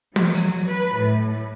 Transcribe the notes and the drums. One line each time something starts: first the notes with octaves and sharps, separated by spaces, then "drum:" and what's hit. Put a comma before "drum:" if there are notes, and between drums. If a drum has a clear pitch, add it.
F#3, drum: tom
drum: open hi-hat
B4
A2